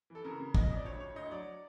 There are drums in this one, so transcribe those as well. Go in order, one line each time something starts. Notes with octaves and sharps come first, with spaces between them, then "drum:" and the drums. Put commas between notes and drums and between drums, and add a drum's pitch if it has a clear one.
E3 A4
C#3 A#4
C#3
F2 D#5, drum: kick
F2 D#5
D5
D2 C#5
D2 C#5
D2 D#5
F#3 D5